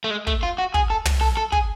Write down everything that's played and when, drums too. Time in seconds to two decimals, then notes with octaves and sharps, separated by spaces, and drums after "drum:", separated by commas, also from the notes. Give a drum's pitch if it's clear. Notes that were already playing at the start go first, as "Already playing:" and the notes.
0.04 A3
0.10 G#3
0.27 A3, drum: kick
0.43 F4
0.58 F#4
0.74 G#4, drum: kick
0.90 A4
1.05 drum: tom
1.21 A4
1.37 A4
1.52 G#4, drum: kick